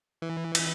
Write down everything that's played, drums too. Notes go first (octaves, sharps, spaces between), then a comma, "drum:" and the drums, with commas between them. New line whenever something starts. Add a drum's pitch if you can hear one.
E3
drum: cymbal